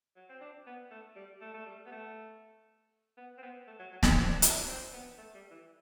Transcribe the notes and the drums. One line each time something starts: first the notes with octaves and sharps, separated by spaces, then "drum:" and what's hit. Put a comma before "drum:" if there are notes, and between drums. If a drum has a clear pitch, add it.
F#3
C4
D4
B3
A3
G3
A3
A3
G3
B3
A3
B3
C4
B3
A3
F#3
F#3
drum: snare
C4
D4
E4, drum: hi-hat
D4
C4
B3
A3
G3
E3